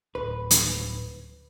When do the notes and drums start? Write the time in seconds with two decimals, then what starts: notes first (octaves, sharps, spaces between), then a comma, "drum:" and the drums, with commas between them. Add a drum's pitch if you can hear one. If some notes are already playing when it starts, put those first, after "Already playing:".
0.15 D1 B4
0.51 drum: hi-hat